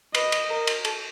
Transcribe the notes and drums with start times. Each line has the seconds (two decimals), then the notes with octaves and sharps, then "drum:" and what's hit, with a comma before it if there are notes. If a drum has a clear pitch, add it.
0.15 B4 D#5, drum: cymbal
0.32 drum: cymbal
0.50 A#4
0.67 drum: cymbal
0.85 A4, drum: cymbal